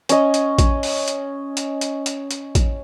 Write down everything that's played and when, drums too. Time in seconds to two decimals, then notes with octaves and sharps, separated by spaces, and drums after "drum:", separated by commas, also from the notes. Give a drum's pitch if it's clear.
0.09 C#4 D#5, drum: hi-hat
0.34 drum: hi-hat
0.58 drum: kick, hi-hat
0.83 drum: open hi-hat
1.08 drum: hi-hat
1.57 drum: hi-hat
1.81 drum: hi-hat
2.06 drum: hi-hat
2.31 drum: hi-hat
2.55 drum: kick, hi-hat